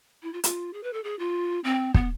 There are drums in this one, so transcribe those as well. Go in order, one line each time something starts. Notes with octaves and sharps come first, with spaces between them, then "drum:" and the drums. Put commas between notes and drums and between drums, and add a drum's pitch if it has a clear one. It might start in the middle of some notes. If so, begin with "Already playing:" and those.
E4
F4
F4, drum: hi-hat
G#4
B4
A4
G#4
F4
C4
B3, drum: kick